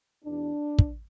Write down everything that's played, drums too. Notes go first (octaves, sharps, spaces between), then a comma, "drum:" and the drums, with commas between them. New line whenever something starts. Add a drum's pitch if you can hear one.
E2 B2 D4
drum: kick